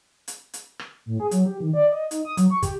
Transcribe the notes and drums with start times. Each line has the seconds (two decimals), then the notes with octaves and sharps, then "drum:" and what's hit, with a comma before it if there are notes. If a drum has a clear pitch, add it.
0.28 drum: hi-hat
0.54 drum: hi-hat
0.79 drum: rim click
1.06 A2
1.20 G#4
1.31 F#3, drum: hi-hat
1.46 G4
1.60 D#3
1.74 D5
1.91 D#5
2.11 D#4, drum: hi-hat
2.25 D#6
2.37 F#3, drum: hi-hat
2.50 C#6
2.63 G4, drum: kick, hi-hat